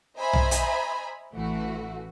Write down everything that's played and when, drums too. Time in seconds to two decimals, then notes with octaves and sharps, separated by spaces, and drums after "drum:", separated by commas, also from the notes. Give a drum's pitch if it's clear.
0.18 C5 D#5 E5 G#5 A#5 B5
0.33 drum: tom
0.51 drum: hi-hat
1.35 A1 E3 A3 F#4